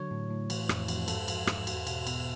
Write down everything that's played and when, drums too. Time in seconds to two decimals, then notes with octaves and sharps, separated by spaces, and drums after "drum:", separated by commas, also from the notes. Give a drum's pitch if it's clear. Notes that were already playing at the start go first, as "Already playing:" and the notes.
Already playing: D3 F#3 C#5
0.11 A2
0.30 A2
0.50 E3, drum: cymbal
0.69 F2, drum: rim click
0.88 F2, drum: cymbal
1.08 G#2 A4, drum: cymbal
1.28 F3, drum: cymbal
1.47 G#2, drum: rim click
1.67 E2, drum: cymbal
1.87 B2, drum: cymbal
2.07 B2, drum: cymbal